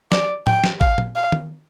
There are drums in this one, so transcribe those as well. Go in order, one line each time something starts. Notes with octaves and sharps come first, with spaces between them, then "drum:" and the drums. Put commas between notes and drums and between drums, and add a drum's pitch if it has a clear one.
D5, drum: snare
G5, drum: tom A2
drum: snare
F5, drum: kick A1
drum: tom
F5
drum: tom